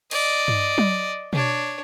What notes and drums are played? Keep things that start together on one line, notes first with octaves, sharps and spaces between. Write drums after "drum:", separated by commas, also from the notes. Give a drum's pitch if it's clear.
D5 D#5, drum: cymbal
drum: tom G2
drum: tom F#3
D4 C#5, drum: tom B2